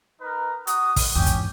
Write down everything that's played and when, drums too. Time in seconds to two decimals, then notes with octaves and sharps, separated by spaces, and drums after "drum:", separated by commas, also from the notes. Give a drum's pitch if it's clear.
0.22 D#4 A#4 B4
0.67 F#4 D#6, drum: hi-hat
0.96 drum: kick, open hi-hat
1.16 G#1 E2 C#4 G4
1.26 drum: kick, hi-hat